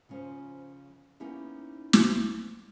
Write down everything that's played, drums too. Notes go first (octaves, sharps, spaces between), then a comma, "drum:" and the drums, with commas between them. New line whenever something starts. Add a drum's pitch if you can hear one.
C#3 F3 C#4 F4 C5
A#3 B3 C#4 D#4 E4 G4
drum: snare